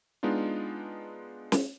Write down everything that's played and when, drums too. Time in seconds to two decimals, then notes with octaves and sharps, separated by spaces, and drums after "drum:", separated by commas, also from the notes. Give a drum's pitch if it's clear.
0.23 G#3 B3 D4 D#4 F4
1.52 drum: snare